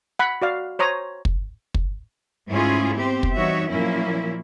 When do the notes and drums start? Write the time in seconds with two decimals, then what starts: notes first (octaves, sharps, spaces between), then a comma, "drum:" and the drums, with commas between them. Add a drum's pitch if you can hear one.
0.19 F#5 B5
0.42 F#4 D5 F5
0.79 C5 C#5 A#5 D#6
1.25 drum: kick
1.74 drum: kick
2.49 G#2 A3 C#4 E4 F4 G#4
2.95 B3 C4 G4 C5
3.23 drum: kick
3.36 E3 G3 D#4 F#4 C#5 E5
3.68 A#2 F3 F#3 A#3 C#4 E4